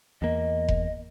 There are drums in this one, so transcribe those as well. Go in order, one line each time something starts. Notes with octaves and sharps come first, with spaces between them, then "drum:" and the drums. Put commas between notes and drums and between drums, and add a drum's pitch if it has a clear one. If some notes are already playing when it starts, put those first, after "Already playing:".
E2 A#3 D#5
drum: kick F1